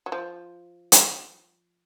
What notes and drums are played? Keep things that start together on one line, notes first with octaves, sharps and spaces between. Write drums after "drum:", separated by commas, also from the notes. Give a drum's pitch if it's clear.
F#3
F3
drum: hi-hat